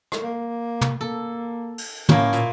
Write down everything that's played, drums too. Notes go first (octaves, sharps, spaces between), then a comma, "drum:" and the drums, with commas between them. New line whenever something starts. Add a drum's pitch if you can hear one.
drum: rim click
A#3
drum: tom
A#3 A4
drum: cymbal
A2 A#3 C#4, drum: tom
A#2, drum: hi-hat